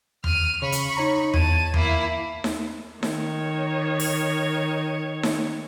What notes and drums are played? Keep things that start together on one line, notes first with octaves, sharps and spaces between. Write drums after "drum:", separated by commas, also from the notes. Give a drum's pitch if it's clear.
F6 D#7, drum: tom E2
C#3 B5 C#6
drum: hi-hat
D#4 C#5 A#5
E2 A5 G#6 D#7, drum: tom E2
A#3 E4, drum: tom E2
drum: snare D#4
D#3 C#5, drum: snare D#4
drum: open hi-hat
drum: snare D#4